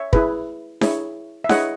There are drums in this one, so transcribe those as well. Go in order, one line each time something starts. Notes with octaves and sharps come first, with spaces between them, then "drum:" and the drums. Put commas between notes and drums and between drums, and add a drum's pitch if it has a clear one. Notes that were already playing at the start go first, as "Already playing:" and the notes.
Already playing: C#5 E5
E4 G#4 B4, drum: kick
E4 G#4 C#5, drum: snare D4
E5
E4 G#4 C#5 D#5 F#5, drum: snare D4